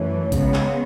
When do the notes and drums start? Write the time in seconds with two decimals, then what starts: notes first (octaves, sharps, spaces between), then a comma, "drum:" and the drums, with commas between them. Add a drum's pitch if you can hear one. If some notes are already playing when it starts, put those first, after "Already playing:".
Already playing: F#2 E3 A3 C#5
0.32 C#3 G#3 B3, drum: kick A1, hi-hat
0.54 drum: clap